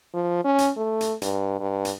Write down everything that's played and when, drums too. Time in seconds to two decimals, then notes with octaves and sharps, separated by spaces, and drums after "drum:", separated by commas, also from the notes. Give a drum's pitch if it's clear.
0.14 F3
0.44 C#4
0.58 drum: hi-hat
0.77 A3
1.01 drum: hi-hat
1.22 G2, drum: hi-hat
1.60 G2
1.85 drum: hi-hat